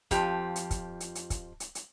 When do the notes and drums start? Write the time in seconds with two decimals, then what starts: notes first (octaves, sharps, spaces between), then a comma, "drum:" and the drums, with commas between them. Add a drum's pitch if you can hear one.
0.11 F2 F3 G4, drum: kick, hi-hat
0.56 drum: hi-hat
0.71 drum: kick, hi-hat
1.00 drum: hi-hat
1.15 drum: hi-hat
1.30 drum: kick, hi-hat
1.60 drum: hi-hat
1.75 drum: hi-hat